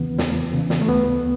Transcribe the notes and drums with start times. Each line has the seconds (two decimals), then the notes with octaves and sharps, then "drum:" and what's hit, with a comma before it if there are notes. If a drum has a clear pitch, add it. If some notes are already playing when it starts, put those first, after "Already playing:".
Already playing: E2 C#3 E3 B3
0.18 E2, drum: snare
0.54 C#3 E3
0.70 drum: snare
0.81 A3
0.88 D2 B3